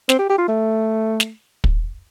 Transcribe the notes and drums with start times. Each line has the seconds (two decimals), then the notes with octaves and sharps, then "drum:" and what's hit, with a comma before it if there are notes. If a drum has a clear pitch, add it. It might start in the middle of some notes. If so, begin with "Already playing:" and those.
0.09 C4, drum: snare
0.19 G4
0.29 G4
0.38 F4
0.48 A3
1.20 drum: snare
1.64 drum: kick